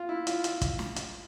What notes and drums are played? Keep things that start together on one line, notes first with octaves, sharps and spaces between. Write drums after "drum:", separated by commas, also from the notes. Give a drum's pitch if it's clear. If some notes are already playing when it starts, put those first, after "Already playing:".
Already playing: F4
E4
F4, drum: hi-hat
drum: hi-hat
drum: kick, hi-hat
drum: snare
drum: hi-hat